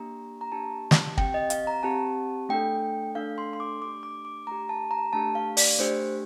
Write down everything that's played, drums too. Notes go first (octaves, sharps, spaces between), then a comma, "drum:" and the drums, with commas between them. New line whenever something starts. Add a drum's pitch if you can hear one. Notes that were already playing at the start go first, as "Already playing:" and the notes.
Already playing: A#3 D4 G4 A#5
A#5
A#3 D4 G4 A5
drum: snare
C4 G4 G5, drum: kick
D#5
F5, drum: hi-hat
A#5
C4 G4 A5
A3 D4 A4 G5
A3 D4 A4 F5
C6
C6
D6
A3 D4 G4 D6
D6
D6
A3 D4 G4 A#5
A5
A#5
A3 D4 G4 A5
F5
D5, drum: open hi-hat
A3 D4 G4 C5